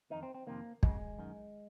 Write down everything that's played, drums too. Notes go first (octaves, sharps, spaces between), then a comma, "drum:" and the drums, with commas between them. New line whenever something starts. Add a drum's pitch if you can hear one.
F2 D#3 D#4
C4
C4
F2 C3 D#3 A#3
F#2 C#3 G#3, drum: kick
F#2 D#3